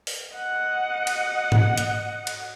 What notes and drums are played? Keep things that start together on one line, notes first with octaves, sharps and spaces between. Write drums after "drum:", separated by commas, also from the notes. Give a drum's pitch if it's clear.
drum: open hi-hat
D#5 F#5
drum: cymbal
drum: tom G#2
drum: hi-hat
drum: cymbal